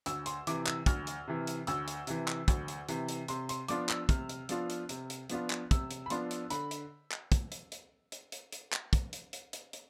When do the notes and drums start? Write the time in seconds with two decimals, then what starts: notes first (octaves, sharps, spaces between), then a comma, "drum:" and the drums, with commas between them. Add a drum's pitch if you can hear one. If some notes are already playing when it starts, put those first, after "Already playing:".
0.06 D2 E6, drum: hi-hat
0.26 C6, drum: hi-hat
0.47 C3 E3 D6, drum: hi-hat
0.67 E6, drum: clap
0.86 D2 F6, drum: kick, hi-hat
1.07 drum: hi-hat
1.28 C3 E3
1.47 drum: hi-hat
1.67 D2 E6, drum: hi-hat
1.88 drum: hi-hat
2.07 C3 E3, drum: hi-hat
2.28 drum: clap
2.48 D2, drum: kick, hi-hat
2.68 drum: hi-hat
2.89 C3 E3, drum: hi-hat
3.09 drum: hi-hat
3.28 C3 C6, drum: hi-hat
3.49 C6, drum: hi-hat
3.68 F3 B3 D4 F4 D6, drum: hi-hat
3.89 E6, drum: clap
4.09 C3 F6, drum: kick, hi-hat
4.29 drum: hi-hat
4.49 F3 B3 D4 F4, drum: hi-hat
4.70 drum: hi-hat
4.89 C3, drum: hi-hat
5.10 drum: hi-hat
5.30 F3 B3 D4 F4, drum: hi-hat
5.50 drum: clap
5.71 C3 E6, drum: kick, hi-hat
5.91 drum: hi-hat
6.06 B5
6.10 F3 B3 D4 F4 C6, drum: hi-hat
6.31 drum: hi-hat
6.50 D3 B5, drum: hi-hat
6.71 drum: hi-hat
7.11 drum: clap
7.32 drum: kick, hi-hat
7.52 drum: hi-hat
7.72 drum: hi-hat
8.12 drum: hi-hat
8.32 drum: hi-hat
8.52 drum: hi-hat
8.73 drum: clap
8.93 drum: kick, hi-hat
9.13 drum: hi-hat
9.33 drum: hi-hat
9.53 drum: hi-hat
9.73 drum: hi-hat